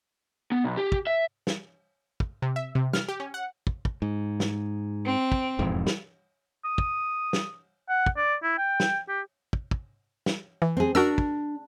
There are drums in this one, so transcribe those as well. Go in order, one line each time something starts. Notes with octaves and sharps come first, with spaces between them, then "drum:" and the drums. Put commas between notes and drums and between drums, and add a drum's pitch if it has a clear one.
B3
B1
G4
drum: kick
E5
drum: snare
drum: kick
C3
E5
C3
F6, drum: snare
G4
C#4
F#5
drum: kick
drum: kick
G#2
drum: snare
C4
drum: kick
E1 F2 G#2
drum: snare
D#6
drum: kick
drum: snare
F#5
drum: kick
D5
E4
G5
drum: snare
G4
drum: kick
drum: kick
drum: snare
E3
C4 G#4
D4 F#4 A#4 E6
drum: kick